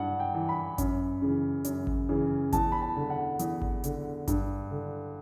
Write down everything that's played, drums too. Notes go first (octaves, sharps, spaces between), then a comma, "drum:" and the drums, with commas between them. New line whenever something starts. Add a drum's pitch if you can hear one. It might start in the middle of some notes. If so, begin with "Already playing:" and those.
Already playing: G2 F#5
G5
E3
B5
F#2, drum: kick G#1, hi-hat
C#3 E3
F#2, drum: hi-hat
drum: kick G#1
C#3 E3
E2 A5, drum: kick G#1, hi-hat
B5
A5
D3
F#5
E2, drum: hi-hat
drum: kick G#1
D3, drum: hi-hat
G2, drum: kick G#1, hi-hat
D3